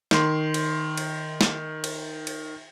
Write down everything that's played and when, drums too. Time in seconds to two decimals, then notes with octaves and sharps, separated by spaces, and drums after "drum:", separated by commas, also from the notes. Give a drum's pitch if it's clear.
0.11 D#3 C6, drum: snare
0.54 drum: cymbal
0.97 drum: cymbal
1.41 drum: snare
1.84 drum: cymbal
2.27 drum: cymbal